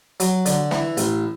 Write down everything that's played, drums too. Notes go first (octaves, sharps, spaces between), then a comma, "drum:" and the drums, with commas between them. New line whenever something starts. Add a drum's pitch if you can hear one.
F#3, drum: hi-hat
D3, drum: hi-hat
E3, drum: snare
A1, drum: hi-hat